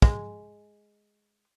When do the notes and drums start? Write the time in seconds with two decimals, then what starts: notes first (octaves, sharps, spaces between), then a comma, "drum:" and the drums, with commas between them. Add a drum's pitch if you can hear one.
0.02 G#3, drum: kick